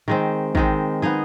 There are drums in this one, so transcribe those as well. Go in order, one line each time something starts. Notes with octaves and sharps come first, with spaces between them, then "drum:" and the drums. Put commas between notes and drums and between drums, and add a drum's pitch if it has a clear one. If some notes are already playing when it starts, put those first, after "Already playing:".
D#3 G#3 C4
D#3 G#3 C4, drum: kick
B3 D#4 G#4